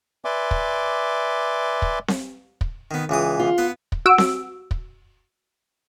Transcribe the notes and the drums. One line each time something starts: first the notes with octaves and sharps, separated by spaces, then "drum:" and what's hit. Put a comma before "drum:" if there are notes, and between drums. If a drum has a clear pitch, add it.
B4 D5 E5 G#5 C6 D6
drum: kick
drum: kick
drum: snare C4
drum: kick
D#3 B3
C#2 E3 D#6
F4
B3 F#5
drum: kick
F#4 E6 D7
drum: snare C4
drum: kick